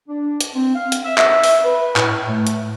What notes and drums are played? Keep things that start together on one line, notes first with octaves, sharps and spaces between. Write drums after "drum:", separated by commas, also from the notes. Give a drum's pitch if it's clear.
D4
drum: hi-hat
C4
F5
drum: hi-hat
E5
E5, drum: clap
drum: open hi-hat
B4
A2, drum: clap
A3
drum: hi-hat